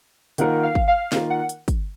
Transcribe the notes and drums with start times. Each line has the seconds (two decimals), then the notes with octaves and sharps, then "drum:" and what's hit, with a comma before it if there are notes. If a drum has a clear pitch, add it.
0.38 D#3 A#3 F4 A#4 F#5, drum: hi-hat
0.63 F5
0.75 drum: kick
0.88 F5
1.12 D#3 A#3 F4 A#4, drum: snare
1.30 F#5
1.49 drum: hi-hat
1.68 drum: kick, hi-hat